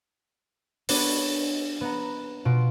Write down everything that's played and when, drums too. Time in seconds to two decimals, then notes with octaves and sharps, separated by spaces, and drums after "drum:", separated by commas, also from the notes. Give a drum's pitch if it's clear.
0.89 B3 D4 F#4 C#5, drum: open hi-hat
1.81 B3 F#5 A#5
2.45 B2 F4 D7